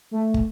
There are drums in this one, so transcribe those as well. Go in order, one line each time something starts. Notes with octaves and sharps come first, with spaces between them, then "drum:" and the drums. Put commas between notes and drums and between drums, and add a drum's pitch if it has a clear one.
A3
drum: kick